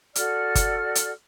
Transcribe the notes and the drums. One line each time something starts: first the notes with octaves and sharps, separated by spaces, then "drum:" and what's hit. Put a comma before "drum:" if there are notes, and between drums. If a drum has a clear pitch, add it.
F#4 A4 D5 F6, drum: hi-hat
drum: kick G1, hi-hat
drum: hi-hat